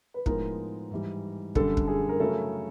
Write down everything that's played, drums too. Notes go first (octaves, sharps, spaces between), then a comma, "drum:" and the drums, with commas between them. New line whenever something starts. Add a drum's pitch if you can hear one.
B4
A2 F3 G#3 B3 D#4 A#4, drum: kick
G#2 E3 G3
F#2 D3 G3 A4, drum: kick
drum: kick
G#4
A#4
C#3 F#3 A3 C#4 E4 A4